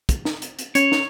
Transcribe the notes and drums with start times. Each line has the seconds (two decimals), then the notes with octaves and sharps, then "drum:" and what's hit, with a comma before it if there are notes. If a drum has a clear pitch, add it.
0.09 drum: kick, hi-hat
0.25 drum: snare
0.42 drum: hi-hat
0.59 drum: hi-hat
0.75 C#4 C#5, drum: hi-hat
0.92 drum: snare